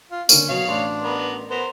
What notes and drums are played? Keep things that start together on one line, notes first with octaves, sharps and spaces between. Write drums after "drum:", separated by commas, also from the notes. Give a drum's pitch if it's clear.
F4
D3 A#3 C#4, drum: tambourine
B2 F#3 C#5 F5
A1 D4 C6
B3 A#4
B3 A#4 C5